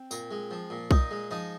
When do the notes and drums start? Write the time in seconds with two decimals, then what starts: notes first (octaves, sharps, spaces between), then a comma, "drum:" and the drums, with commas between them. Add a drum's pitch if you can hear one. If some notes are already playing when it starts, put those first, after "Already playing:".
Already playing: C4
0.11 A#2, drum: tambourine
0.31 G#3
0.51 F3
0.70 A#2
0.91 A#2 D#4 D#5, drum: kick B1
1.11 G#3
1.31 F3 D#4 D#5